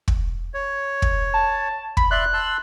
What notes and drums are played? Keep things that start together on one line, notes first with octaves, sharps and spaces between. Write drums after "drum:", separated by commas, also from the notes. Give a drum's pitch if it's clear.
drum: kick
C#5
drum: kick
A5
B5, drum: kick
D5 E5 C6 F#6
A5 C6 E6